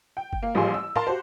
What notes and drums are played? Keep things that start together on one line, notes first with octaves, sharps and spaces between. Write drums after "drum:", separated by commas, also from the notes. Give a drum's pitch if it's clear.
G5
drum: kick F#1
A#3
A1 F3 G3 A#3 G#4 C6
E6
A#4 F5 A5 C6, drum: tom
F#4 G4 C5